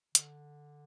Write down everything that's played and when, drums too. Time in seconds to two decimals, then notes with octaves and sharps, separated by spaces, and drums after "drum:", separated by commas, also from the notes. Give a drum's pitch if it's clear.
0.15 D3, drum: hi-hat